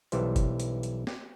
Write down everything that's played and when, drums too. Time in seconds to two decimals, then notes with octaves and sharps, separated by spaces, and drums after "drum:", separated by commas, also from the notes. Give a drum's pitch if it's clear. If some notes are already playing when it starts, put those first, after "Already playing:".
0.12 B1 E3 G3 C5, drum: hi-hat
0.36 drum: kick F#1, hi-hat
0.60 drum: hi-hat
0.83 drum: hi-hat
1.07 drum: snare